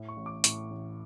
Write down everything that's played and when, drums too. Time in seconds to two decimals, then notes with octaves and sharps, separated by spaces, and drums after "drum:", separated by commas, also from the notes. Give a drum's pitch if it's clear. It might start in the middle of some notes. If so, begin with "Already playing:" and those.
Already playing: A2
0.08 C#6
0.17 A1
0.26 D6
0.44 A2 C#6, drum: hi-hat
0.70 A1